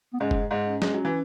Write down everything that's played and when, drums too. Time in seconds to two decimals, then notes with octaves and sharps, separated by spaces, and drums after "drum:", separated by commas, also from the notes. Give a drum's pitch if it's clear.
0.14 B3
0.20 G#2 G#3 C#4
0.31 drum: kick F1
0.51 G#2 G#3
0.61 C#4
0.82 G#3, drum: snare
0.94 F#3
1.05 E3